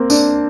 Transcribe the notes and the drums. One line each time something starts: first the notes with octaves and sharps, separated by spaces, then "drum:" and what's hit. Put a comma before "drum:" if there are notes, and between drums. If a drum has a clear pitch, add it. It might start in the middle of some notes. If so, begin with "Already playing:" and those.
Already playing: A#3 C4
D4, drum: tambourine